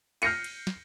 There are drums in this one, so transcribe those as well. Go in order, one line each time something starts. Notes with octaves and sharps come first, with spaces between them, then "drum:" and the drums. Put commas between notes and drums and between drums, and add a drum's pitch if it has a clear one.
F6 G6 A#6 C7 C#7 D#7, drum: cymbal
drum: cymbal
drum: snare